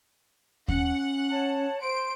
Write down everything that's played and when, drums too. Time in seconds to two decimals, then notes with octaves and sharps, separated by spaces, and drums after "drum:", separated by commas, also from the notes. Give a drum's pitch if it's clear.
0.68 C#4 F#5, drum: kick D#2
1.30 C#5 A5
1.82 C5 C6 D7